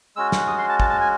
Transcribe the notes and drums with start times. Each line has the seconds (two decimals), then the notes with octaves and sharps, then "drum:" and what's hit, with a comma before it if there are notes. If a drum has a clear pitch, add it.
0.16 G#3 C#4 F#4 E6
0.32 F#6, drum: snare
0.47 D#6
0.58 C6
0.69 A5
0.80 A5, drum: kick
0.90 A5
1.01 G#5